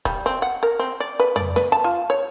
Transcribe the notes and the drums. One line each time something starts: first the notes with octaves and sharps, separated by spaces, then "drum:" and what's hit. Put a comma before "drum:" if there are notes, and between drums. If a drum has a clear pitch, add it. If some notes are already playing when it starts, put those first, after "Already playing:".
G3, drum: kick D#1
C4
F#5
A#4
C4
D5
B4
D5, drum: tom F2
B4, drum: snare
A5
F4
C#5